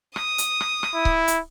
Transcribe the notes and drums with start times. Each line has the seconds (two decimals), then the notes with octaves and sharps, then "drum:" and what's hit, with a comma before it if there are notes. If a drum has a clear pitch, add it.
0.16 D#6, drum: rim click
0.38 drum: hi-hat
0.61 drum: rim click
0.83 drum: rim click
0.94 E4
1.05 drum: kick C#1
1.28 drum: hi-hat